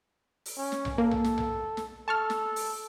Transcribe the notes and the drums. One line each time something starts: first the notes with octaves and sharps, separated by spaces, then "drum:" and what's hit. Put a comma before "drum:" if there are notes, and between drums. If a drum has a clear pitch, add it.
drum: open hi-hat
C#4
drum: snare
drum: tom B1
A#3 A4
drum: tom B1
drum: snare
drum: tom B1
drum: snare
A4 A5 C#6 F6
drum: snare
drum: open hi-hat